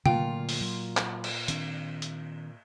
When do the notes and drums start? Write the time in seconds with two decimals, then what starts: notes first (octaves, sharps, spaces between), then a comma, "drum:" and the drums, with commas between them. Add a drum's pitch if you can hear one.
0.06 A#2 D3 F#3 A3 F4 G5, drum: tom
0.49 drum: open hi-hat
0.61 F#3
0.97 drum: clap
1.24 drum: cymbal
1.48 D#3 C4 D4, drum: hi-hat
2.02 drum: hi-hat